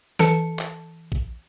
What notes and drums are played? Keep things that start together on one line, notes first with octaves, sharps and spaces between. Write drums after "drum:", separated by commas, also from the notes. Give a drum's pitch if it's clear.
E3 A4 A5 C#7, drum: snare
drum: clap
drum: kick A1